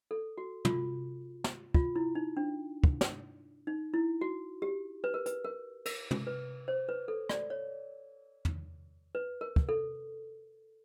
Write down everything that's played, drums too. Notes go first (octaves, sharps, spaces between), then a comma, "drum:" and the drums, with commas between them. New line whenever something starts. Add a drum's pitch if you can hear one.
A4
F#4
F4, drum: tom
drum: snare
F4, drum: kick
E4
D#4
D4
drum: kick
drum: snare
D#4
E4
F#4
G4
B4
A#4
B4, drum: hi-hat
A#4
A#4, drum: cymbal
drum: tom
B4
C5
B4
A4
D5, drum: rim click
C#5
drum: tom
B4
A#4
drum: kick
A4